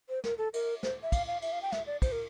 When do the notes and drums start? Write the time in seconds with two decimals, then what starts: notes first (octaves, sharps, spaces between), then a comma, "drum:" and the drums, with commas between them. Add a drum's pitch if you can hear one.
0.09 C5
0.24 A#4, drum: snare
0.38 A4
0.54 A#4, drum: cymbal
0.83 C5, drum: snare
1.03 E5
1.12 F5, drum: kick, cymbal
1.27 F5
1.42 E5, drum: cymbal
1.52 F5
1.62 G5
1.72 E5, drum: snare
1.87 D5
2.02 C5, drum: kick, cymbal
2.12 A#4